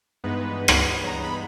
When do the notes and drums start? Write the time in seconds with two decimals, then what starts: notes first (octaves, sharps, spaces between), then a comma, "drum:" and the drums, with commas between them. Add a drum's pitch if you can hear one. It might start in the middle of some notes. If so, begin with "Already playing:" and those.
0.24 G2 E3 G#3 B3 D#4 B4
0.68 drum: rim click
0.91 C#5
1.07 A#5
1.24 B5